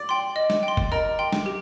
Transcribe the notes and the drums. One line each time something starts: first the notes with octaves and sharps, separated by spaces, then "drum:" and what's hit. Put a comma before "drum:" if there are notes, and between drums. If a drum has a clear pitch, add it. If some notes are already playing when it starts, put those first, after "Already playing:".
Already playing: D5
G5 C6
D#5
drum: snare
G5
C6
drum: kick
A#4 D#5
G5 C6
drum: snare
G4